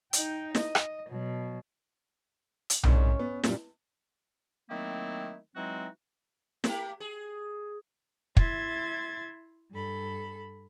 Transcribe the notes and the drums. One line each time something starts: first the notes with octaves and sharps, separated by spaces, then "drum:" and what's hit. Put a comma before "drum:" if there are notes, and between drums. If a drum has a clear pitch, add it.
D#4 G5, drum: hi-hat
D#5, drum: snare
drum: rim click
B2 F#3
drum: hi-hat
C2 G#2 C#4, drum: tom B1
B3
F#2 A#2 G3, drum: snare
D#3 F#3 A3 A#3 C4 E4
E3 F#3 G#3 C4 D#4 F#4
A3 A#3 G4, drum: snare
G#4
E4 E5 C6 G#6 A6, drum: kick
G2 A4 B5